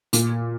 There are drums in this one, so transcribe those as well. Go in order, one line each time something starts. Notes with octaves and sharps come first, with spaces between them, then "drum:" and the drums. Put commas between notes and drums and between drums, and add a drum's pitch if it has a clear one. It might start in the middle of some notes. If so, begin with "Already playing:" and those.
A#2, drum: hi-hat